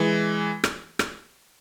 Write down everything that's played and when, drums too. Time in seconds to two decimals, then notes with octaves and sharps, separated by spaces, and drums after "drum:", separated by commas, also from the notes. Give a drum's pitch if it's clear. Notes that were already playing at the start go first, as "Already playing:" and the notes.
Already playing: E3 G#3
0.64 drum: rim click
0.99 drum: rim click